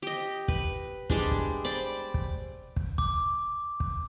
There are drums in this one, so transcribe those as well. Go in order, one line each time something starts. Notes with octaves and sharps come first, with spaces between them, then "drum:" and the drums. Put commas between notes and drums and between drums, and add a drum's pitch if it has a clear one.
G4 D#5
B4, drum: kick
G3 G#3 D4, drum: kick
drum: kick
C5 D5 B5
drum: kick
drum: kick
D6, drum: kick
drum: kick